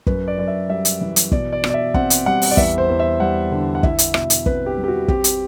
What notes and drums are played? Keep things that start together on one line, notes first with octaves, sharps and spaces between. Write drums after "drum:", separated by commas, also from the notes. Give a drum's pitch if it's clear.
F#2 B4, drum: kick
D5
F#2 D5
E5
G3 E5
drum: hi-hat
E3
drum: hi-hat
B2 D5, drum: kick
D5
B2, drum: rim click
D5
E5
C4 F#5, drum: kick
drum: hi-hat
G3 F#5
drum: open hi-hat
D5
E2 E5, drum: kick
C5
E2
E5
G3 F#5
D3
F#5
E4 E5, drum: kick
drum: hi-hat
B2 E5, drum: rim click
drum: hi-hat
C4 B4, drum: kick
G4
G3
G4
F#4
C4 G4, drum: kick
drum: hi-hat